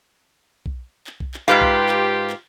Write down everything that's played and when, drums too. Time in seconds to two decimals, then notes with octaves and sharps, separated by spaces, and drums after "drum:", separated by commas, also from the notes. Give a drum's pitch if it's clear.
0.66 drum: kick B1
1.07 drum: clap
1.20 drum: kick B1
1.34 drum: clap
1.48 G#2 F4 G4 B4 F5
1.61 drum: kick B1
1.89 drum: clap
2.30 drum: clap